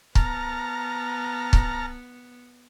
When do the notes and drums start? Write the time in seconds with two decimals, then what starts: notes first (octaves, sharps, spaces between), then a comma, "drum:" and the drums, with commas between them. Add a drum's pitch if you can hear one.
0.15 B3 A5 A#5 F6, drum: kick
1.53 drum: kick